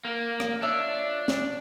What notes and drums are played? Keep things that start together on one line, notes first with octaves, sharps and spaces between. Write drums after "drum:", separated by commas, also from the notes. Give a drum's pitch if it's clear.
A#3
drum: rim click
D4 F4 C#5 E5
drum: snare